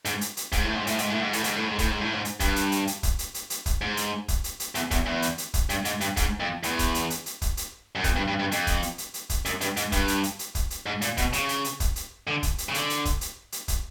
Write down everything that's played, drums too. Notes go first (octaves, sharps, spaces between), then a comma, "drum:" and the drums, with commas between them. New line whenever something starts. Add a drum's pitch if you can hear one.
G#2, drum: hi-hat
drum: hi-hat
drum: hi-hat
G#2, drum: kick, hi-hat
A2
G#2
A2, drum: hi-hat
G#2, drum: hi-hat
A2
G#2
A2, drum: hi-hat
G#2, drum: hi-hat
A2
G#2
A2, drum: kick, hi-hat
G#2
A2
G#2
drum: hi-hat
G2, drum: kick, hi-hat
drum: hi-hat
drum: hi-hat
drum: hi-hat
drum: kick, hi-hat
drum: hi-hat
drum: hi-hat
drum: hi-hat
drum: kick, hi-hat
G#2
drum: hi-hat
drum: kick, hi-hat
drum: hi-hat
drum: hi-hat
E2, drum: hi-hat
E2, drum: kick, hi-hat
E2
drum: hi-hat
drum: hi-hat
drum: kick, hi-hat
G2, drum: hi-hat
G#2, drum: hi-hat
G2, drum: hi-hat
G#2, drum: kick, hi-hat
F2
E2, drum: hi-hat
drum: kick, hi-hat
drum: hi-hat
drum: hi-hat
drum: hi-hat
drum: kick, hi-hat
drum: hi-hat
F#2
F2, drum: kick, hi-hat
G2
G2
G2
F2, drum: hi-hat
drum: kick, hi-hat
drum: hi-hat
drum: hi-hat
drum: hi-hat
drum: kick, hi-hat
F#2, drum: hi-hat
G2, drum: hi-hat
G#2, drum: hi-hat
G2, drum: kick, hi-hat
drum: hi-hat
drum: hi-hat
drum: hi-hat
drum: kick, hi-hat
drum: hi-hat
G#2
A#2, drum: hi-hat
B2, drum: kick, hi-hat
C#3, drum: hi-hat
drum: hi-hat
drum: hi-hat
drum: kick, hi-hat
drum: hi-hat
D3
drum: kick, hi-hat
drum: hi-hat
C#3
D3, drum: hi-hat
drum: hi-hat
drum: kick, hi-hat
drum: hi-hat
drum: hi-hat
drum: kick, hi-hat